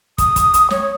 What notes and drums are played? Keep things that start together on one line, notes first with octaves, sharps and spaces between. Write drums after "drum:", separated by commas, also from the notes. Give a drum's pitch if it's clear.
D#6, drum: kick, hi-hat
drum: kick, hi-hat
drum: hi-hat
C#5, drum: snare